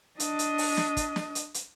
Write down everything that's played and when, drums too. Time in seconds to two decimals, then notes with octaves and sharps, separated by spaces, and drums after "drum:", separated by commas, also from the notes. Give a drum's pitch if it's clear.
0.20 D4 D#5, drum: hi-hat
0.39 drum: hi-hat
0.58 drum: open hi-hat
0.77 drum: snare
0.97 drum: kick, hi-hat
1.16 drum: snare
1.35 drum: hi-hat
1.54 drum: hi-hat